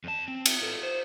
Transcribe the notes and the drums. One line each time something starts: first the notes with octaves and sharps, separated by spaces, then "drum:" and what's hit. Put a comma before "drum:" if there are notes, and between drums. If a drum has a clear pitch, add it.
F2 A5
C4
drum: cymbal
A4 B4
C5